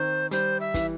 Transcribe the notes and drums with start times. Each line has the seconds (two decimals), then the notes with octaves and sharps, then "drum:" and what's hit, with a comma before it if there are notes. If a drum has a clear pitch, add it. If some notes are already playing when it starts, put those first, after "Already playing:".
Already playing: D#3 C4 C5
0.31 G3 C5, drum: hi-hat
0.60 E5
0.74 E3, drum: kick, hi-hat